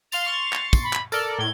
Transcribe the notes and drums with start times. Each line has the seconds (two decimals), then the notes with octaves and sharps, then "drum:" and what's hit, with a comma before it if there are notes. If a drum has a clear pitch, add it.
0.12 F5 C6 A6 F7, drum: tambourine
0.25 C6 C#6 A6
0.53 drum: clap
0.73 drum: kick, tambourine
0.84 B5
0.93 drum: clap
1.12 A4 A#4 D5 F6, drum: tambourine
1.39 A2 G#6 G7